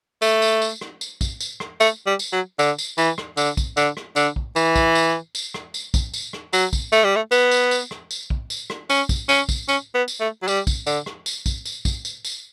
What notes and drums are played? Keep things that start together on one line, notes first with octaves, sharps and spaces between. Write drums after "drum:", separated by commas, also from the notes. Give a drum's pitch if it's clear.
A3, drum: tambourine
drum: tambourine
drum: tambourine
drum: rim click
drum: tambourine
drum: kick, tambourine
drum: tambourine
drum: rim click
A3, drum: tambourine
G3
drum: tambourine
F#3
D3, drum: tambourine
drum: tambourine
E3, drum: tambourine
drum: rim click
D3, drum: tambourine
drum: kick, tambourine
D3, drum: tambourine
drum: rim click
D3, drum: tambourine
drum: kick
E3, drum: tambourine
drum: kick, tambourine
drum: tambourine
drum: tambourine
drum: rim click
drum: tambourine
drum: kick, tambourine
drum: tambourine
drum: rim click
F#3, drum: tambourine
drum: kick, tambourine
A3, drum: tambourine
G3
A3
B3, drum: tambourine
drum: tambourine
drum: tambourine
drum: rim click
drum: tambourine
drum: kick
drum: tambourine
drum: rim click
C#4, drum: tambourine
drum: kick, tambourine
C#4, drum: tambourine
drum: kick, tambourine
C#4, drum: tambourine
B3
drum: tambourine
A3
F#3
G3, drum: tambourine
drum: kick, tambourine
D3, drum: tambourine
drum: rim click
drum: tambourine
drum: kick, tambourine
drum: tambourine
drum: kick, tambourine
drum: tambourine
drum: tambourine